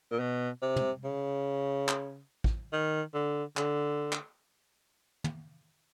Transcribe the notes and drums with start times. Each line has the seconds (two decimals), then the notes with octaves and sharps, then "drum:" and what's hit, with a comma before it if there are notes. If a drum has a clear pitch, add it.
0.11 A#2
0.20 B2
0.62 C3
0.76 drum: tom
1.04 C#3
1.88 drum: clap
2.44 drum: kick
2.72 D#3
3.14 D3
3.57 D3, drum: clap
4.12 drum: clap
5.24 drum: tom